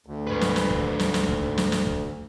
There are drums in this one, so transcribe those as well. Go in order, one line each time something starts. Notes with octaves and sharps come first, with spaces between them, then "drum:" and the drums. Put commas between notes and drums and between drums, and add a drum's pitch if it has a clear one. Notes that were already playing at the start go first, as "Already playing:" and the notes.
D2
G#2 B4
drum: snare
drum: snare
drum: kick
drum: snare
drum: snare
drum: kick
drum: snare
drum: snare
drum: kick